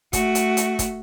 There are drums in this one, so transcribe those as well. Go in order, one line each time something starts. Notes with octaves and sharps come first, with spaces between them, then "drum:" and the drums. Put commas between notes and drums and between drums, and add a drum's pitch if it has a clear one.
A3 F#4, drum: kick, hi-hat
drum: hi-hat
drum: hi-hat
drum: kick, hi-hat